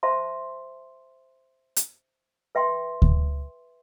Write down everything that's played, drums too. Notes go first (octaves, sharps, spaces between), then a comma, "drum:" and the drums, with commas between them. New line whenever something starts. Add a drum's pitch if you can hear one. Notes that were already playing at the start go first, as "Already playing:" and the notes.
C5 E5 A5 C6
drum: hi-hat
B4 E5 G5 C6
drum: kick D2